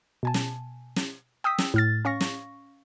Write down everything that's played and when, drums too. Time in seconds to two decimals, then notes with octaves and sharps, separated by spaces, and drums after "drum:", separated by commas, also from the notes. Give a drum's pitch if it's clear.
0.23 B2 G#5 A5
0.34 drum: snare
0.96 drum: snare
1.44 G5 D#6 E6 B6
1.58 drum: snare
1.74 A2 F6 A6
2.05 C#4 F5 C#6 A#6
2.21 drum: snare